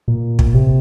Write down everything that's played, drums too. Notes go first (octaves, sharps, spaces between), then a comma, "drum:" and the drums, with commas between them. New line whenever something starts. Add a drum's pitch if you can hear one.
A#2
drum: kick
C3